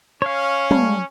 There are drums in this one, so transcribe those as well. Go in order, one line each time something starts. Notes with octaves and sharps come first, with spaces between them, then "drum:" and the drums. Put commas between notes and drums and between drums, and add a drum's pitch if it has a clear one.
C#4 C#5 F5
G3 A3, drum: tom